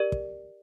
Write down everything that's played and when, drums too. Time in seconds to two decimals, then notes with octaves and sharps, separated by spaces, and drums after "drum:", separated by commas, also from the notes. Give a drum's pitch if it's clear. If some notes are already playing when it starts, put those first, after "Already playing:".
Already playing: G4 A#4 D5
0.12 drum: kick